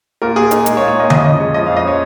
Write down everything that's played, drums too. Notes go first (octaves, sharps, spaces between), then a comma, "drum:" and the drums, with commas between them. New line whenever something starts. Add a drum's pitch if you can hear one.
A#2 A#4
A#2 G#4
D#4 A#4, drum: hi-hat
G#3, drum: hi-hat
C#5
A#2
C#5
A#2 D#5
F2 D#5, drum: tom D3
C#4 D#5
G#3 C#5
F3 D#5
F5
F2
D#5
C#4 C#5